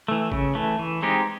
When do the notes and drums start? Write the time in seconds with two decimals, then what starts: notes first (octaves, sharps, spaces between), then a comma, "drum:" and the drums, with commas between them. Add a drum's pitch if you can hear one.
0.08 E3 A3
0.32 C#3, drum: kick G#1
0.55 E3 A3
0.79 E3
1.03 G#3 C4 D#4 G4